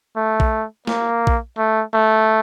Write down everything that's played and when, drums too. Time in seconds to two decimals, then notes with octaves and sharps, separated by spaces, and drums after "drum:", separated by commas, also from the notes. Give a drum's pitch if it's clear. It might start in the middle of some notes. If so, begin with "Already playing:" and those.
0.16 A3
0.40 drum: kick A#1
0.87 A#3, drum: snare
1.27 drum: kick A#1
1.58 A3
1.94 A3